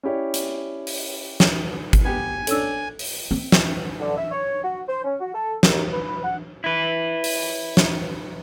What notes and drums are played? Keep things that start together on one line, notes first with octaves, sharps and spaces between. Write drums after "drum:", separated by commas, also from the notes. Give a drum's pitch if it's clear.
C#4 E4 G4 C#5 D5
drum: hi-hat
drum: open hi-hat
drum: snare
drum: kick G#1, hi-hat
B3 G4 G#5
C#4 D4 A4 E6, drum: hi-hat
drum: open hi-hat
C4
drum: snare
D3
E5
C#5
F#4
C5
C#4
F#4
A4
D#2, drum: snare
B4
F#5
E4 B4
drum: open hi-hat
drum: snare